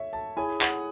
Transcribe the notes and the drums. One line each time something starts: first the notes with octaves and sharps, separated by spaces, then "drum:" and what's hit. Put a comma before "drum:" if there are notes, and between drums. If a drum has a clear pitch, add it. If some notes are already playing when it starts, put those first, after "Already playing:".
Already playing: C#5 E5
A5
E4 G#4 C#5 G#5
F#5, drum: clap